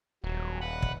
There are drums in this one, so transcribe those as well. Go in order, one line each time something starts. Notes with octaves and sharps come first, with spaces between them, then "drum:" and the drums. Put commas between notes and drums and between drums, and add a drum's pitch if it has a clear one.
D#1 F#3
B4 F#5 B5
drum: kick